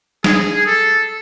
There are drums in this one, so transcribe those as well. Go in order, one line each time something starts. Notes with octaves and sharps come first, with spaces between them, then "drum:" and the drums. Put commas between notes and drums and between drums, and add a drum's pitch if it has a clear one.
G#4, drum: snare
A4